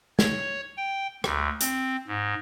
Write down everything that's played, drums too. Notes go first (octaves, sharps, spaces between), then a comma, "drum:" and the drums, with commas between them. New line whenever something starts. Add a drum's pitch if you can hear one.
C#5, drum: snare
G5
D2, drum: rim click
C4, drum: hi-hat
G#2